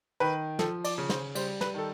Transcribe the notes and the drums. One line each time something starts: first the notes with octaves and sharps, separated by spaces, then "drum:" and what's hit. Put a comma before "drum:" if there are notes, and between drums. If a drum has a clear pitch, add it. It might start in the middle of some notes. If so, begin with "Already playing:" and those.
D#3 B4
F3 A4, drum: snare
D5, drum: cymbal
C#3
C5, drum: snare
G3 C5, drum: cymbal
B4, drum: snare
D#3 A4